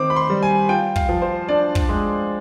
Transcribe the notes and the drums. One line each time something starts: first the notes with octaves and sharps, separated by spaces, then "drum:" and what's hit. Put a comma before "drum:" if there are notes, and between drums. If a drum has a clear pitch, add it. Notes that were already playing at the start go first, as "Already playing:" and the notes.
Already playing: D#3 C4 D#4 D6
B5
C6
G3
G#5
F4 G5
F5, drum: kick
F3
C5
D4 D5
drum: kick
G#3